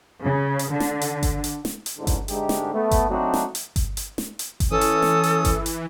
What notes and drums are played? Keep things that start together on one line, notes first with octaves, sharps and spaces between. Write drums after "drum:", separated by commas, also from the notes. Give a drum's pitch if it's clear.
C#3
drum: hi-hat
D3
drum: snare
drum: hi-hat
drum: kick G1, hi-hat
drum: hi-hat
drum: snare
drum: hi-hat
A1 G#2 D3
drum: kick G1, hi-hat
G#2 D3 G#3 A3 D#4 G4, drum: hi-hat
drum: snare
A3 B3
drum: kick G1, hi-hat
F#3 A3 C4 D4 D#4 F#4
drum: snare
drum: hi-hat
drum: kick G1, hi-hat
drum: hi-hat
drum: snare
drum: hi-hat
drum: kick G1, hi-hat
E3 C#4 A4 D#6
drum: hi-hat
drum: snare
drum: hi-hat
drum: kick G1, hi-hat
drum: hi-hat